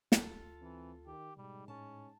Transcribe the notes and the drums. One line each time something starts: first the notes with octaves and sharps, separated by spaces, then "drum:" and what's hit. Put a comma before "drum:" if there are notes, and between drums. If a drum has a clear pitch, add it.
D2 F4 A4, drum: snare
E3 C4
D#3 G4
G#2 B2 G3
A2 C#4 A5